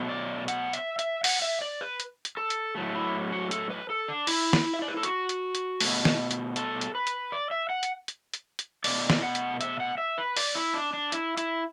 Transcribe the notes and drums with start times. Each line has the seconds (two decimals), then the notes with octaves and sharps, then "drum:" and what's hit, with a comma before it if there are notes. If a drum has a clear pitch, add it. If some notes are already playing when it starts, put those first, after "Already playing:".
Already playing: B2 F#3 A3
0.09 D5
0.48 F#5, drum: hi-hat
0.73 E5, drum: hi-hat
0.99 E5, drum: hi-hat
1.24 F#5, drum: open hi-hat
1.42 E5
1.62 D5
1.81 B4
2.00 drum: hi-hat
2.25 drum: hi-hat
2.37 A4
2.50 drum: hi-hat
2.75 A2 F#3 A3
2.95 E4
3.32 F#4
3.51 A4, drum: hi-hat
3.70 B4
3.90 A4
4.08 D4
4.27 E4, drum: open hi-hat
4.53 drum: snare
4.74 E5
4.82 D5
4.88 B4
4.97 A4
5.03 F#4, drum: hi-hat
5.29 drum: hi-hat
5.55 drum: hi-hat
5.80 B2 A3, drum: open hi-hat
6.05 drum: snare
6.31 drum: hi-hat
6.56 A4, drum: hi-hat
6.81 drum: hi-hat
6.95 B4
7.07 drum: hi-hat
7.32 D5
7.51 E5
7.70 F#5
7.83 drum: hi-hat
8.08 drum: hi-hat
8.34 drum: hi-hat
8.59 drum: hi-hat
8.84 B2 A3 D5, drum: open hi-hat
9.10 drum: snare
9.22 F#5
9.35 drum: hi-hat
9.61 E5, drum: hi-hat
9.80 F#5
9.98 E5
10.18 B4
10.37 D5, drum: open hi-hat
10.55 E4
10.74 D4
10.93 D4
11.12 E4, drum: hi-hat
11.37 E4, drum: hi-hat